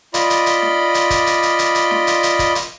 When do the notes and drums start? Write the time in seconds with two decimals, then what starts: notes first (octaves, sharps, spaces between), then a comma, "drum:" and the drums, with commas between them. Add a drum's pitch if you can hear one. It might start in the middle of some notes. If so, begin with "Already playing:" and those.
0.14 F4 D5 D#5 B5, drum: hi-hat
0.30 drum: hi-hat
0.46 drum: hi-hat
0.62 drum: snare
0.94 drum: hi-hat
1.10 drum: kick, hi-hat
1.26 drum: hi-hat
1.43 drum: hi-hat
1.59 drum: hi-hat
1.75 drum: hi-hat
1.91 drum: snare
2.07 drum: hi-hat
2.23 drum: hi-hat
2.39 drum: kick, hi-hat
2.55 drum: hi-hat